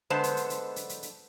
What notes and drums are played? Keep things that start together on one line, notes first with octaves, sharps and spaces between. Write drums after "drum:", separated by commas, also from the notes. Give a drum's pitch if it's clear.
D3 G#3 B3 C5 A5
drum: hi-hat
drum: hi-hat
drum: hi-hat
drum: hi-hat
drum: hi-hat
drum: hi-hat